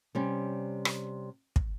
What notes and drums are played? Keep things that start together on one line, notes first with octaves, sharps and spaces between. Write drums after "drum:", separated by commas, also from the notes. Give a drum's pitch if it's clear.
C3 G3 C#4
drum: rim click
drum: kick